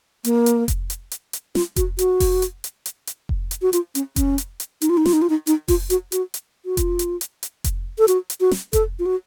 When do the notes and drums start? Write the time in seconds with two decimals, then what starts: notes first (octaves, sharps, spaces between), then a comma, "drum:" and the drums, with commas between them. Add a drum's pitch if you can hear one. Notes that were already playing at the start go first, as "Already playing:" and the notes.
0.24 A#3, drum: hi-hat
0.46 drum: hi-hat
0.68 drum: kick F1, hi-hat
0.90 drum: hi-hat
1.11 drum: hi-hat
1.33 drum: hi-hat
1.55 F4, drum: snare
1.76 F#4, drum: kick F1, hi-hat
1.99 F#4, drum: hi-hat
2.20 drum: kick F1, open hi-hat
2.42 drum: hi-hat
2.64 drum: hi-hat
2.86 drum: hi-hat
3.07 drum: hi-hat
3.29 drum: kick F1
3.51 drum: hi-hat
3.62 F#4
3.73 F4, drum: hi-hat
3.95 C#4, drum: hi-hat
4.16 C#4, drum: kick F1, hi-hat
4.38 drum: hi-hat
4.60 drum: hi-hat
4.82 D#4, drum: hi-hat
4.90 F4
4.97 D#4
5.06 F4, drum: snare
5.13 D#4
5.22 F4
5.30 D#4
5.47 D#4, drum: hi-hat
5.68 F4, drum: kick F1, open hi-hat
5.90 F#4, drum: hi-hat
6.12 F#4, drum: hi-hat
6.34 drum: hi-hat
6.66 F#4
6.77 F4, drum: kick F1, hi-hat
6.99 drum: hi-hat
7.21 drum: hi-hat
7.43 drum: hi-hat
7.64 drum: kick F1, hi-hat
7.99 A4
8.08 F#4, drum: hi-hat
8.30 drum: hi-hat
8.41 F#4
8.51 drum: snare
8.73 A4, drum: kick F1, hi-hat
8.99 F4
9.06 F#4